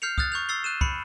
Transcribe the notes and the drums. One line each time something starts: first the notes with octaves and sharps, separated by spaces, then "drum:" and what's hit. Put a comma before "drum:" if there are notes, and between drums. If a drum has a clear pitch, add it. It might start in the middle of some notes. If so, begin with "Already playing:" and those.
F6 G6 C7 C#7 F7
D#6 F6 F#6 A6, drum: kick
C#6 G6 F7
E6 A6 C7 G7
F#6 D#7 E7
B5 C#7, drum: kick